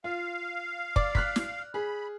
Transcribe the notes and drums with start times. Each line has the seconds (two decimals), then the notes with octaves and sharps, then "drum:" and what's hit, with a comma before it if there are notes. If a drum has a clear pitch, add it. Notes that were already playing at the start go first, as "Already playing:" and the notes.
0.04 F4 F5
0.96 D5, drum: kick
1.15 F6 F#6 B6, drum: kick
1.36 drum: snare
1.74 G#4 B5